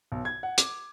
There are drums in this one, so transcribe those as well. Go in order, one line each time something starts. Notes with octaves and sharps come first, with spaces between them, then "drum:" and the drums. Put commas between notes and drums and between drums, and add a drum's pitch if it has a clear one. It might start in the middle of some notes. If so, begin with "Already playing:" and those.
B1
G#6
F#5
D6, drum: hi-hat